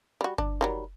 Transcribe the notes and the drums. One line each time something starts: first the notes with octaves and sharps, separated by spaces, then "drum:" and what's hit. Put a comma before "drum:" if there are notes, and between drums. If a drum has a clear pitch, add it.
G3 F#4
D4, drum: kick G1
D#3 F#3 G3